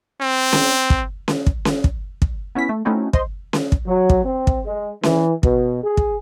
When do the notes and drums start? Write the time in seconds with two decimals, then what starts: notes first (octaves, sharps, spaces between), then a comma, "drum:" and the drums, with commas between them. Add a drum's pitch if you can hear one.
0.21 C4
0.53 drum: snare C#4
0.90 drum: kick
1.28 drum: snare C#4
1.46 drum: kick
1.65 drum: snare C#4
1.84 drum: kick
2.22 drum: kick
2.55 B3 C#4 E4 B6
2.69 A3
2.85 A3 C4 C#4 D#4 E4 F#4
3.13 C5 D#5 C6, drum: kick
3.53 drum: snare C#4
3.72 drum: kick
3.86 F#3
4.09 drum: kick
4.24 C4
4.47 drum: kick
4.66 G#3
5.03 E3, drum: snare C#4
5.43 B2, drum: kick
5.83 G#4
5.97 drum: kick